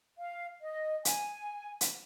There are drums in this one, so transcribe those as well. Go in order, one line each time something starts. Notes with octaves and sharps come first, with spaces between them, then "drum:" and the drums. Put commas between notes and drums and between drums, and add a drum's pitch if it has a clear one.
F5
D#5
G#5, drum: hi-hat
drum: hi-hat